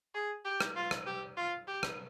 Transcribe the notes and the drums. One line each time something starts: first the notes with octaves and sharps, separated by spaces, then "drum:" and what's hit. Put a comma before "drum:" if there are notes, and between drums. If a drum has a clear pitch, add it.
G#4
G4
drum: rim click
F4
drum: rim click
G4
F4
G4
drum: rim click